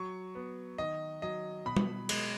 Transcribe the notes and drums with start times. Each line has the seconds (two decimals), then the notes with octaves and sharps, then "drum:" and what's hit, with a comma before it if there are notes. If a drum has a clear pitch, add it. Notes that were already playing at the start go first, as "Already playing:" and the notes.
Already playing: F#3 C#6
0.35 B3
0.78 D#3 D#5
1.22 F#3 D#5
1.66 B2 B5
1.77 drum: tom G3
2.09 G#3, drum: cymbal